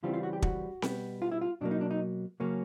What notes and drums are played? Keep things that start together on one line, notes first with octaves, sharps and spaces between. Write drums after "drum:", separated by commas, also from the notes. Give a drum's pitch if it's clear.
C#3 E3 G3 C4 F4
F4
F#4
G4
F#4, drum: kick
B2 G3 B3, drum: snare C4
F4
E4
F4
B2 F#3 A#3 D4
D#4
D4
D#4
C#3 F#3 A#3 C#4